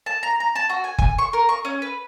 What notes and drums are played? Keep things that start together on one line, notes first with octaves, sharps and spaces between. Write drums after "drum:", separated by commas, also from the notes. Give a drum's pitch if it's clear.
A5
A#5
A#5
A5
F#4
G#5
G#5, drum: kick F#1
C#6
A#4
C#6
C#4
B4